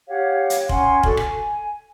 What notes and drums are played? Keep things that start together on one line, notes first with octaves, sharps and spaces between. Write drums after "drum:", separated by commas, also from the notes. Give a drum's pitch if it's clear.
G4 C#5 F5 F#5
drum: hi-hat
C#4 F#5 G#5 C6, drum: kick F1
D4 F#4 A4, drum: kick F1
G#5, drum: rim click